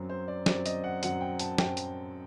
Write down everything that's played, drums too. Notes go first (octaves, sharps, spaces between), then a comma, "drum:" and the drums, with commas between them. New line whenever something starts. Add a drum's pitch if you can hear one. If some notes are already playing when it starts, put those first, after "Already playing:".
Already playing: F#2 F#3 C4
C5
D5
F#2 F#3 C4 D5, drum: snare
D#5, drum: hi-hat
F#5
F#2 F#3 C4 F#5, drum: hi-hat
G5
A5, drum: hi-hat
F#2 F#3 C4 G5, drum: snare
drum: hi-hat